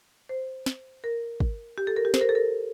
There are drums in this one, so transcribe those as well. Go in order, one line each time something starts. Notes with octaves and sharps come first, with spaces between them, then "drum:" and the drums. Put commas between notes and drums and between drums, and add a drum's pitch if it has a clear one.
C5
drum: snare
A#4
drum: kick
G4
A4
A#4
G4
C5, drum: snare
A#4
A4
A#4